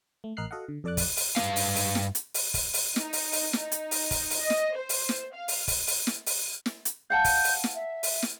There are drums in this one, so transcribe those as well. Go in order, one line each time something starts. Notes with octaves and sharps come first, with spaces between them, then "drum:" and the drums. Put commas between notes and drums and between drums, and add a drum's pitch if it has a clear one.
A3
A1 A#4 D#5 F6 F#6 C7
F#4 A4 D#5 F5 F#5
D3
F2 A4 D5 A5 D6 F#6
drum: kick, open hi-hat
drum: open hi-hat
G2 F3 B4 F5, drum: snare
drum: open hi-hat
drum: open hi-hat
drum: snare
drum: hi-hat
drum: open hi-hat
drum: kick, open hi-hat
drum: open hi-hat
D#4, drum: snare
drum: open hi-hat
drum: open hi-hat
D#4, drum: snare
drum: hi-hat
drum: open hi-hat
drum: kick, open hi-hat
drum: open hi-hat
D#5
drum: snare
C5
drum: open hi-hat
drum: snare
F5
drum: open hi-hat
drum: kick, open hi-hat
drum: open hi-hat
drum: snare
drum: open hi-hat
drum: snare
drum: hi-hat
F5 F#5 A5 G6
drum: kick, open hi-hat
drum: open hi-hat
drum: snare
E5
drum: open hi-hat
drum: snare